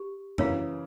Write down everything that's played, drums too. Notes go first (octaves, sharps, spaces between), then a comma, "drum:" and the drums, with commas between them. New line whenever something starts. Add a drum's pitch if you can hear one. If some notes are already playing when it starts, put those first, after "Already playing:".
Already playing: G4
C#3 E3 A#4 C#5 F5 A#5, drum: tom F#2